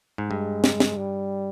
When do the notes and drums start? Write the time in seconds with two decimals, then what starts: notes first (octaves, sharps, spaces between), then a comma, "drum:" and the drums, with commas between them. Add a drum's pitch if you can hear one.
0.18 G#2
0.30 G2 G#3
0.64 drum: snare
0.80 drum: snare
0.97 G3